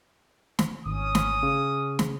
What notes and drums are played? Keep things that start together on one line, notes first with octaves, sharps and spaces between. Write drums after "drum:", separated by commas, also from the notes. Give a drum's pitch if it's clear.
drum: snare
G#1 C#4 D#6
drum: snare
C#3
drum: snare